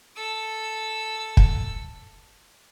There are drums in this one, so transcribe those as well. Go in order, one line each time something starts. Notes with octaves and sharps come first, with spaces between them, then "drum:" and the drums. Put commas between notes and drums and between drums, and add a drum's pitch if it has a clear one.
A4 E6
drum: kick